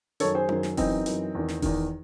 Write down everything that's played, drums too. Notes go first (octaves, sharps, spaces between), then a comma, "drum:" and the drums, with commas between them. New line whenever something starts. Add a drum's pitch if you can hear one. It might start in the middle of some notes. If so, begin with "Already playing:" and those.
F#2 D#3 A4 C#5, drum: hi-hat
G#4 C5
F#2 D#3, drum: tom D#4
drum: snare
F#2 E3 C4 D#4, drum: kick E1, open hi-hat
F#2 E3, drum: hi-hat
E2 D#3
drum: snare
E2 D#3, drum: kick E1, open hi-hat